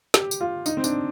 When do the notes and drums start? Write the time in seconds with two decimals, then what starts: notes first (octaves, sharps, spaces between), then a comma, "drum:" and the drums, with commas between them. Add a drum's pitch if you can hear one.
0.14 G4, drum: snare
0.31 drum: tambourine
0.41 F4
0.66 D#4, drum: tambourine
0.77 C4
0.84 D4, drum: tambourine